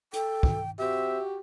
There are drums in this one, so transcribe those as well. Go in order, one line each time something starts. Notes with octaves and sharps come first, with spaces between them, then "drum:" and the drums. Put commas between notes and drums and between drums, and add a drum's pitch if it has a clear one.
A4 G5, drum: hi-hat
drum: kick
C4 F#4 G4 E5